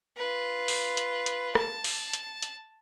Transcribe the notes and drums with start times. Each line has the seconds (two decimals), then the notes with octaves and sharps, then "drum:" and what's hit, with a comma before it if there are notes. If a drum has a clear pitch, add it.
0.17 F4 B4
0.68 drum: open hi-hat
0.97 drum: hi-hat
1.26 drum: hi-hat
1.55 A5, drum: rim click
1.84 drum: open hi-hat
2.13 drum: hi-hat
2.42 drum: hi-hat